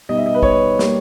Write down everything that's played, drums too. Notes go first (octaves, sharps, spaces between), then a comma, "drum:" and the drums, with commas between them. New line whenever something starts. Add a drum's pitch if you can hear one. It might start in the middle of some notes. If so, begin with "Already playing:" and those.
B2 G3 B3 D#4 D#5
E5
D#5
B4
C#5, drum: kick
G3 A#3, drum: snare